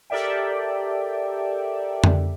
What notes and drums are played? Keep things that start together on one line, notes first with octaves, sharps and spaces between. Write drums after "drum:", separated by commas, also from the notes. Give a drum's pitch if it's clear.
G4 A4 A#4 D5 E5 G5
drum: tom F2